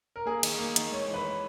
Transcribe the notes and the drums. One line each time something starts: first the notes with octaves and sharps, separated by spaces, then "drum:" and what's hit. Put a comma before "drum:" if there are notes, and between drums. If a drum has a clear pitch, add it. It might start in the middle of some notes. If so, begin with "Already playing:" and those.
A#4
A#3 G#4
D#3, drum: cymbal
A#3
D#3, drum: hi-hat
G#3 C#5
E3
B4
E3